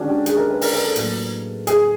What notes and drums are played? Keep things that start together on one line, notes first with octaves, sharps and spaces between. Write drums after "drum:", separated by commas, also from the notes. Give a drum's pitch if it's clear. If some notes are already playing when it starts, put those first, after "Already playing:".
Already playing: D#3 G#3 C#4 D4 F#4
G4
G#4, drum: hi-hat
A#4
B4
A#4, drum: open hi-hat
A#4
A4
A2 F#3 A#3, drum: hi-hat
G#4, drum: hi-hat